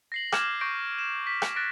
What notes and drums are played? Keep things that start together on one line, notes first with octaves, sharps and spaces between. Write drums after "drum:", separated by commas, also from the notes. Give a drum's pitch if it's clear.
A#6 C7 F#7
D6 F6 G6 G#6 E7, drum: rim click
C#6 G6 A#6 D7
E7
B6
drum: rim click
F#6 A6 A#6 D7